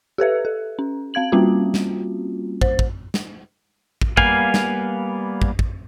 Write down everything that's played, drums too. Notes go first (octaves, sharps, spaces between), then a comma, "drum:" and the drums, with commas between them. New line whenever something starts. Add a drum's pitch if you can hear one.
G4 A4 B4 E5
A4
C#4
C4 F5 G#6 F#7
G3 A#3 C4 C#4 F4 F#4
drum: snare
C5, drum: kick
drum: kick
drum: snare
drum: kick
G3 A#3 B3 F5 G#5, drum: kick
drum: snare
drum: kick
drum: kick